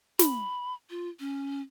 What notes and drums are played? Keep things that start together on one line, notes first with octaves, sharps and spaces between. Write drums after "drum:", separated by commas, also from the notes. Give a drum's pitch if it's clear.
B5, drum: snare
F4
C#4